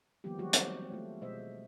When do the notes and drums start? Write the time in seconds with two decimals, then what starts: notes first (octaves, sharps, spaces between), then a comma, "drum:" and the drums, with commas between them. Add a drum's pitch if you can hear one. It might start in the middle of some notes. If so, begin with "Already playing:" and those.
0.24 D#3 F3 G3 A#3 B3 G4
0.38 D#3 E3 F#3 G#3 F#4 G4
0.53 D#3 G3 C5, drum: hi-hat
0.68 C4
0.92 A3 F4
1.21 B2 G#3 C5 D#5 E5